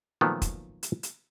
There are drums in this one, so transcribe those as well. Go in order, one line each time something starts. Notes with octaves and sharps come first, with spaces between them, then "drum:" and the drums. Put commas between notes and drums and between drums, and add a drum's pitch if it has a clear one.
A#2 D#3 F3 F#3 A3 B3
drum: kick, hi-hat
drum: hi-hat
drum: hi-hat